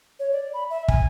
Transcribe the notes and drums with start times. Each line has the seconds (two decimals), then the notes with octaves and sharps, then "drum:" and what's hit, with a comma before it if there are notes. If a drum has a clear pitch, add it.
0.20 C#5
0.33 D5
0.54 B5
0.70 E5
0.88 G#5, drum: kick